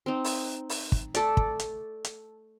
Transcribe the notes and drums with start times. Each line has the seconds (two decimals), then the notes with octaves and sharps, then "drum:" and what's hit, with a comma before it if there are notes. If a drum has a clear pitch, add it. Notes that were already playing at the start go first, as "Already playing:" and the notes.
0.06 C4 D#4
0.25 drum: open hi-hat
0.70 drum: open hi-hat
0.92 drum: kick
1.15 A3 A4 D5, drum: hi-hat
1.37 drum: kick
1.60 drum: hi-hat
2.05 drum: hi-hat